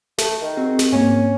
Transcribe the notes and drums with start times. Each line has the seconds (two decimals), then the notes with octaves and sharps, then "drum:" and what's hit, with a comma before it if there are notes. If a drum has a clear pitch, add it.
0.18 A3, drum: snare
0.41 D#3
0.56 C4 F#4 G#4
0.79 drum: snare
0.92 G#2 A#3 C#4